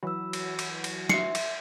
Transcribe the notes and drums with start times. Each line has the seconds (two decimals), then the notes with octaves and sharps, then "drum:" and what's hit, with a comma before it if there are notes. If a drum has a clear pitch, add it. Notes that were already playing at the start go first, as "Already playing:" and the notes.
0.03 E3 F#3 F#4 B5 E6
0.33 drum: cymbal
0.59 drum: cymbal
0.84 drum: cymbal
1.09 E5 C6 C7 C#7, drum: snare
1.35 drum: cymbal